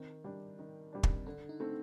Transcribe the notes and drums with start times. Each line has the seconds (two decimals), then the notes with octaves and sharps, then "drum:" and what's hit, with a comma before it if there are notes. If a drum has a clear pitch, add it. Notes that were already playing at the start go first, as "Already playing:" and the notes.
Already playing: D#3 C4
0.24 G3 D4
0.59 D#3
0.93 G3 D4
1.03 drum: kick
1.26 D3 D4
1.49 D#4
1.60 A3 C4